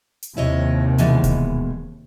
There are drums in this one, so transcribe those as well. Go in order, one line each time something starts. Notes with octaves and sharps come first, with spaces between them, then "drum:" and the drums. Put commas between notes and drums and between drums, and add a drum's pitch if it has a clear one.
drum: hi-hat
D#2 C3 D#3 E4 C#5 D#5
B2 E3 G#3, drum: hi-hat
drum: kick D1, hi-hat